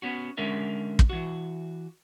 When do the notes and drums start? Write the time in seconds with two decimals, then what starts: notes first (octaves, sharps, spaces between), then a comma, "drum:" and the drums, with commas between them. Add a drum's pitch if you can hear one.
0.02 B3 C#4 F#4
0.37 D3 G#3 C#4 A#4 E5
0.99 drum: kick
1.10 E3 F#4